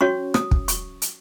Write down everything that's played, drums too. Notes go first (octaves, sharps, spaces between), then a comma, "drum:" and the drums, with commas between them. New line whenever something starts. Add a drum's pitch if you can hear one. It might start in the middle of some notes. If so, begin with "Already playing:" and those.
C#4 F#4 C#5 C#6
D#6, drum: rim click
drum: kick
C#6, drum: hi-hat
drum: hi-hat